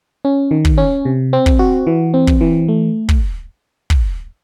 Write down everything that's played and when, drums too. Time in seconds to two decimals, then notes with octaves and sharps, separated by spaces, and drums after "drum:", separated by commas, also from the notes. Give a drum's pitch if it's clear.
0.25 C#4
0.51 D#3
0.65 drum: kick
0.78 C#4
1.05 C3
1.33 C4
1.46 drum: kick
1.59 F#4
1.87 E3
2.14 C4
2.27 drum: kick
2.41 E3
2.68 A3
3.09 drum: kick
3.90 drum: kick